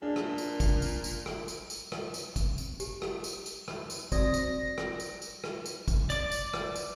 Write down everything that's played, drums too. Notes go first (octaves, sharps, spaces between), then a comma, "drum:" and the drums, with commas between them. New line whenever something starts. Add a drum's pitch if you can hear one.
A#2 D4 G#4
drum: rim click
drum: tambourine
drum: kick, tambourine
drum: tambourine
drum: tambourine
drum: rim click
drum: tambourine
drum: tambourine
drum: rim click
drum: tambourine
drum: kick, tambourine
drum: tambourine
G4, drum: tambourine
drum: rim click
drum: tambourine
drum: tambourine
drum: rim click
drum: tambourine
C4 F#4 D5 D#6 A#6, drum: kick, tambourine
drum: tambourine
drum: rim click
drum: tambourine
drum: tambourine
drum: rim click
drum: tambourine
drum: kick, tambourine
D5 D6, drum: tambourine
drum: tambourine
drum: rim click
drum: tambourine